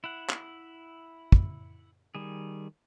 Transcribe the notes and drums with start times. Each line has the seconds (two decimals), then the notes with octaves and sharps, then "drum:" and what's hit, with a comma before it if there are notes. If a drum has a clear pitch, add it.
0.04 E4 F#5
0.29 drum: clap
1.32 drum: kick
2.15 D#3 G3 G#4